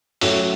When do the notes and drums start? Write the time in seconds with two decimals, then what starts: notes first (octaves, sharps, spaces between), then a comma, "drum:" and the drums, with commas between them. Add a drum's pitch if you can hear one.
0.21 A2 F#3 C#4 F#4 A4, drum: open hi-hat